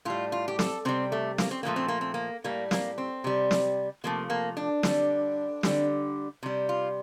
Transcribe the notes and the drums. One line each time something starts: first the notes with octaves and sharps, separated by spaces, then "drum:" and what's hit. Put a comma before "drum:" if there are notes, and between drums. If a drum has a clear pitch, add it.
A2 G3 F4
F4
G4
A4, drum: snare
C3 G3 C4
A3
A#3, drum: snare
C4
A#2 F3 A3 A#3
C4
A#3
C4
A#3
A2 G3 A#3
A#3, drum: snare
C4
C3 G3
drum: snare
C3 F3 A3 A#3
A#3
D4
D3 G3, drum: snare
D3 G3, drum: snare
C3 G3
F4